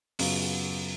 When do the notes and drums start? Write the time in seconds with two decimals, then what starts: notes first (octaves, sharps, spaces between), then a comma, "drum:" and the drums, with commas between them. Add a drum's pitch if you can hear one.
0.19 F#2 C#3 F#3 B3 F4, drum: open hi-hat